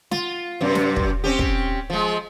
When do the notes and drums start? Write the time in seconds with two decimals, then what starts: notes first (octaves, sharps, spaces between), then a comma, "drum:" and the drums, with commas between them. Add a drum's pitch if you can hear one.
0.11 F4, drum: snare
0.61 F#2 C3
0.75 drum: snare
0.96 drum: kick
1.24 C4 C#4 G4
1.39 drum: kick
1.90 F3 G#3